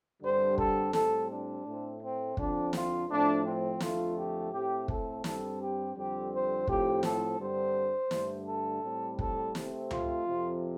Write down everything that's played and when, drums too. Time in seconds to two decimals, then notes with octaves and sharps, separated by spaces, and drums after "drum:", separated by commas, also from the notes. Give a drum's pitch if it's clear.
0.22 G2 D3 G3 C4 C5
0.58 A4, drum: kick
0.93 A2 G3 C4 A4, drum: snare
1.30 D4
1.65 A2 A3 C4
2.01 C4
2.37 F2 D3 F3 C4 D4, drum: kick
2.73 F4, drum: snare
3.09 A2 F3 A3 C4 D4
3.44 C4
3.80 F2 D3 F3 A3 F4, drum: snare
4.16 G4
4.52 A2 A3 C4 G4
4.88 A4, drum: kick
5.24 G2 G3 C4 A4, drum: snare
5.60 G4
5.95 F2 D3 G3 C4 G4
6.32 C5
6.67 A2 F3 C4 G4, drum: kick
7.03 A4, drum: snare
7.39 G2 D3 G3 C4 C5
8.11 G2 D3 A3, drum: snare
8.47 A4
8.83 A2 G3 C4
9.19 A4, drum: kick
9.55 C3 A3 C4, drum: snare
9.91 F4, drum: tom C#2
10.26 F2 C3 F3